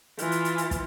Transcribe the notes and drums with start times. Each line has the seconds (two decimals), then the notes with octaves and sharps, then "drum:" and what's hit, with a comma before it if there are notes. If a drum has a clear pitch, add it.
0.19 E3 F4, drum: hi-hat
0.32 drum: hi-hat
0.45 drum: hi-hat
0.58 drum: hi-hat
0.71 drum: kick, hi-hat